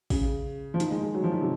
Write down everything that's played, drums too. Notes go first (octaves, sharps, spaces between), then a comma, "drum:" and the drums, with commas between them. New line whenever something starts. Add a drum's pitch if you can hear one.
C#3, drum: kick, open hi-hat
F3
D#3, drum: hi-hat
G#3
G#3
F#3
F3
D#3
C3